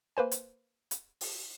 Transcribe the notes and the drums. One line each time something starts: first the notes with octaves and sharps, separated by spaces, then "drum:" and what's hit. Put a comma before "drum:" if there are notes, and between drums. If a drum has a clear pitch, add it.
A#3 B4 C5 G#5
drum: hi-hat
drum: hi-hat
drum: open hi-hat